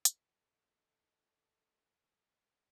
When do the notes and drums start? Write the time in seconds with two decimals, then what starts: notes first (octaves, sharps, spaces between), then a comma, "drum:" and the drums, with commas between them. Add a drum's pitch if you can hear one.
0.05 drum: hi-hat
0.25 D#4 A4